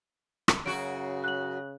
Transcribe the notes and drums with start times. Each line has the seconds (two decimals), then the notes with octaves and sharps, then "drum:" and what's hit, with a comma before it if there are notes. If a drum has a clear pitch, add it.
0.48 drum: rim click
0.66 F#2 C#3 F#4 D7
1.24 F#6 F#7